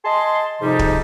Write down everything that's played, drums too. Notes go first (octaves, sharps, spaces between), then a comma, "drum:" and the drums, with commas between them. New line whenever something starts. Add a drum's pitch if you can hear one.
D#5 G#5 A5 C6
F2 G#2 C3 F3 G3 D#4
drum: kick